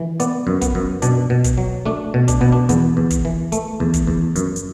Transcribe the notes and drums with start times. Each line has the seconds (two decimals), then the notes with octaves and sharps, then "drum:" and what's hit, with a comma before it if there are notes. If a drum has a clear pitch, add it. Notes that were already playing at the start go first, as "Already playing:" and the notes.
Already playing: E3
0.20 B3 D5, drum: hi-hat
0.47 F#2
0.61 B3, drum: kick, hi-hat
0.75 F#2
1.02 B2 D4, drum: hi-hat
1.30 B2
1.44 drum: kick, hi-hat
1.58 F#3
1.86 A3 D4
2.14 B2
2.28 D4, drum: kick, hi-hat
2.41 B2 B3
2.52 D4
2.69 E2 B3, drum: hi-hat
2.97 E2
3.10 drum: kick, hi-hat
3.25 E3
3.52 A3, drum: hi-hat
3.80 E2
3.94 drum: kick, hi-hat
4.07 E2
4.36 F#2, drum: hi-hat
4.56 drum: hi-hat